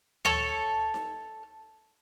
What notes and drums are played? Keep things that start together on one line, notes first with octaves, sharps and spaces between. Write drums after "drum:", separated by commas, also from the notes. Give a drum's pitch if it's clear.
A4 C#5, drum: tom D2
drum: snare D#4